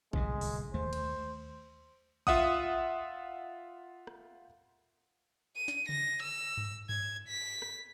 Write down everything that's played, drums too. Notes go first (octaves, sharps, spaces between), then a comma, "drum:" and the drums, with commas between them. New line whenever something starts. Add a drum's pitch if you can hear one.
D1 C2 B2 G#3, drum: kick
drum: open hi-hat
D#2 A3 C5
drum: cymbal
F4 E5 F#5 D#6, drum: kick
drum: rim click
D#7
drum: snare
A#6, drum: tom C#3
E6
drum: tom G2
G#6, drum: tom G2
B6
drum: rim click